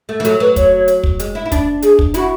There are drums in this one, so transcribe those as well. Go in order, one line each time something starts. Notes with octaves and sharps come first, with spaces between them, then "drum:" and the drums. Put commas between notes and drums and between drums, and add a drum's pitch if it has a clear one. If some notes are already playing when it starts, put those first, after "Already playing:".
A3
E3
F#3 A4, drum: hi-hat
F#3 B4
C#5, drum: kick, hi-hat
drum: hi-hat
drum: kick
G#3, drum: hi-hat
E4
E4
D4, drum: kick, hi-hat
G#4, drum: hi-hat
drum: kick
E4 F#4, drum: hi-hat